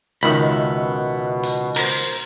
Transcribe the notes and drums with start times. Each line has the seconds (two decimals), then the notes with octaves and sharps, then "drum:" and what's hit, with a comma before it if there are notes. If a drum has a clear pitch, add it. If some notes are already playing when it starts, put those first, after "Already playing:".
0.23 C#2 B2 D#3 B3 E5 B5
1.44 drum: open hi-hat
1.76 A#4 C5, drum: cymbal